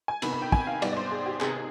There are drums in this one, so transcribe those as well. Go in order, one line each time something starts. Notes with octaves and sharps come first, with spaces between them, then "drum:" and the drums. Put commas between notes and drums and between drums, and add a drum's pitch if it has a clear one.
G#5
C3 D#3 B3 B5, drum: cymbal
B5
G5
G#5, drum: kick
F5
G#2 G3 B3 D5, drum: cymbal
D5
C5
G#4
G4
C3 D#3 B3 G#4, drum: clap